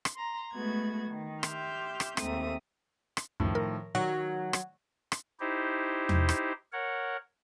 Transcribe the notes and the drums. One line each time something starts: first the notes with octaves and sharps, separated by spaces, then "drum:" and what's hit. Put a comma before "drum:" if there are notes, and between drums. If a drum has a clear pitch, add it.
drum: rim click
A#5 C6
G#3 A3 B3 F#4 G#6
D#3
G4 E5 C6 D6 F6 G6, drum: rim click
drum: rim click
D#2 G#2 A3 C4 E5 D#6, drum: rim click
drum: rim click
C#2 F#2 A2 D#3 F3
A#4
D#3 F#3 F#5
drum: rim click
drum: rim click
D#4 E4 G4 C5
drum: tom E2
drum: rim click
A#4 C#5 F#5